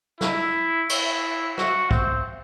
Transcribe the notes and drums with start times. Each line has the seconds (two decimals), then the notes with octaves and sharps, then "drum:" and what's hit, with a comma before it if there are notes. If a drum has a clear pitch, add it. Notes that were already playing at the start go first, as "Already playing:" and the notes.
0.21 E4, drum: snare
0.89 E4, drum: cymbal
1.58 F#4, drum: rim click
1.91 C4, drum: kick